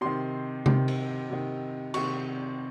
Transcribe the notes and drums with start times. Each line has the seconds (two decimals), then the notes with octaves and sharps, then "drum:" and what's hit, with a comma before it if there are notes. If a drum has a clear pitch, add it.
0.01 C3 D#3 C6
0.66 C3 D#3, drum: tom C3
0.88 drum: cymbal
1.30 C3 D#3
1.94 C3 D#3 C#6, drum: cymbal